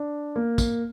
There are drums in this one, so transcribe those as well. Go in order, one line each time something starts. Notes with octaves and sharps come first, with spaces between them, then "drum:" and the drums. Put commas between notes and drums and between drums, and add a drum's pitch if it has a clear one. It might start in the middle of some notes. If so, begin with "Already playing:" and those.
Already playing: D4
A#3
drum: kick, tambourine